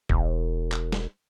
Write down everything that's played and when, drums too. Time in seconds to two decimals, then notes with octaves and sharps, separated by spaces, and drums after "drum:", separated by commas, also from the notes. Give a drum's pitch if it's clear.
0.09 E1, drum: kick
0.72 drum: clap
0.92 drum: snare